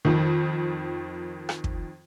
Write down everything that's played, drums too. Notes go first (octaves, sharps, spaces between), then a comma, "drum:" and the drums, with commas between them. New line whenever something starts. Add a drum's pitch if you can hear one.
F2 D#3
drum: rim click
drum: kick